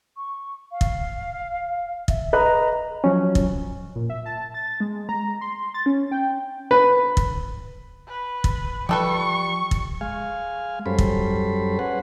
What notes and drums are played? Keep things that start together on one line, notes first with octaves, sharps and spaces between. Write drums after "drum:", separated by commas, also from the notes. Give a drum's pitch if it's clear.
C#6
F5
drum: kick
E5, drum: kick
B4 D#5 A#5 F#6
F3 F#3 C#4
drum: kick
A#2
E5
A5
A6
G#3
A#5
C6
A6
C#4
G5
B4
drum: kick
B4
drum: kick
F3 G3 A4 B4 C#6
drum: kick
G#3 F5 G#5
F#2 G3 C#4 A4 C5 B5
drum: kick
C#4 G#4 B4 C5 F#5